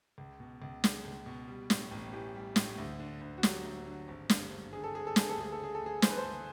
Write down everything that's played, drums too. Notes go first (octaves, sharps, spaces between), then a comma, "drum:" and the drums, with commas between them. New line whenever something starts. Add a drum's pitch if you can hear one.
C#2
B2
C#2
G#3, drum: snare
C#2
B2
G3
A2, drum: snare
A1
E3 G4
G3
A2, drum: snare
D2
D3
D2
F#4
F#3 G4, drum: snare
D2
D3
G#1
G2, drum: snare
G#1
D3 G#4
A4
G#1 G#4
A4
G2 G#4, drum: snare
A4
D2 G#4
A4
C#3 G#4
A4
D2 G#4
E3 C5, drum: snare
B4
C5
D2